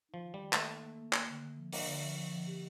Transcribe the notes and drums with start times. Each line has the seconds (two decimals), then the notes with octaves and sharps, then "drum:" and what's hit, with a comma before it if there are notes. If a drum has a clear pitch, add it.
0.09 F3 D#4
0.23 D#3
0.34 D#3 G3
0.53 A3 A#3, drum: clap
0.68 D#4
0.83 A#3
0.98 A#3
1.13 A#3, drum: clap
1.28 D3
1.43 D3
1.57 F3
1.73 A#3 D4, drum: open hi-hat
1.87 D3
2.03 F3
2.17 F3
2.32 F3
2.47 G4